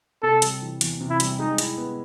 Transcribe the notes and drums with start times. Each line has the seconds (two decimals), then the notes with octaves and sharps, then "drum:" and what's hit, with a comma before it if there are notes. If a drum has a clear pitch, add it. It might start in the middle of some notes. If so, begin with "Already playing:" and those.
0.22 C3 A4
0.42 G3, drum: hi-hat
0.62 E3
0.81 E2, drum: hi-hat
1.01 C3
1.10 E4
1.20 G3, drum: hi-hat
1.39 G#3 D#4
1.58 E4, drum: hi-hat
1.78 B3